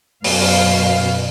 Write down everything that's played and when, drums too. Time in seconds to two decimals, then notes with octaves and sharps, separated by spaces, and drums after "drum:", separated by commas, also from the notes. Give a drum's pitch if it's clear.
0.24 F#2 B2 F5, drum: open hi-hat
0.41 drum: open hi-hat